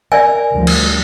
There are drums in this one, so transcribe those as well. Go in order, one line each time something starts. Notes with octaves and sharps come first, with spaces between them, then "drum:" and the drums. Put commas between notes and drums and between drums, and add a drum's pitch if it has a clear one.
A#4 D5 E5 G#5
D2 F3 G3
drum: cymbal